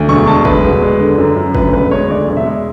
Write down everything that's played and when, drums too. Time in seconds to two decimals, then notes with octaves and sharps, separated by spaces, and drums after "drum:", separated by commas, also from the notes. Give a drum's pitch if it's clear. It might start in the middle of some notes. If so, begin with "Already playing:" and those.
Already playing: D2
0.08 E1 C#6
0.27 G#3 A5
0.45 D2 B4, drum: kick
0.64 E1
0.82 G#3
1.00 D3
1.18 F#2
1.37 F#2
1.55 D2 B4, drum: kick
1.73 E1 B4
1.91 G#3 C#5
2.10 D2 D5
2.28 E1
2.37 E5
2.46 G#3